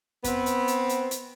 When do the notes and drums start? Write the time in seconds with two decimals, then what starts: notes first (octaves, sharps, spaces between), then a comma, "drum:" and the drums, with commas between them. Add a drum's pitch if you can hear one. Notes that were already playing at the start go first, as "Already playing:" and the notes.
0.24 B3 C4, drum: kick F2, hi-hat
0.46 drum: hi-hat
0.68 drum: hi-hat
0.89 drum: hi-hat
1.11 drum: hi-hat